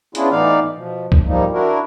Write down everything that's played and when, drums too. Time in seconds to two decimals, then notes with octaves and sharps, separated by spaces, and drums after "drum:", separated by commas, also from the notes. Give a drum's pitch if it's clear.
0.15 B3 C#4 D4 E4 F4 G#4, drum: hi-hat
0.31 A2 E3 B3 D#4 D5 F5
0.76 B2 F3
1.12 drum: kick C2
1.27 G#2 F3 G3 A#3 D#4
1.52 D4 E4 F#4 A#4